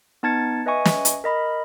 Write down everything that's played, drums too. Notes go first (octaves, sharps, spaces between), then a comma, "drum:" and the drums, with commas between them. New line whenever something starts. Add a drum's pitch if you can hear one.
B3 D#4 A5 G#6 A6 C#7
B4 D#5 E5 G#5 C#6
drum: snare
drum: hi-hat
A#4 D#5 B5